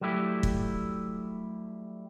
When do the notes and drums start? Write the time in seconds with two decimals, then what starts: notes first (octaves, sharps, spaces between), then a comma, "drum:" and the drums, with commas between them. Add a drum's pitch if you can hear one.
0.01 F#3 G3 A3 E4 G4
0.43 drum: kick